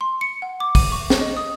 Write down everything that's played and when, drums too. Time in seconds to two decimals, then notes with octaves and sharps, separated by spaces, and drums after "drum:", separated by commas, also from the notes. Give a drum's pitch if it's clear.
0.01 C6
0.21 C#7
0.42 F#5
0.60 D6
0.75 D#7, drum: kick, open hi-hat
0.92 C#6
1.10 drum: snare
1.21 D#5
1.37 D#6